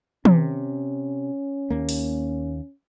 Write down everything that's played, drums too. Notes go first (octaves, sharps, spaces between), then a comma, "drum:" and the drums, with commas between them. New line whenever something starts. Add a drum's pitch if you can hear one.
C3 C#4, drum: tom
D#2 A#3
drum: open hi-hat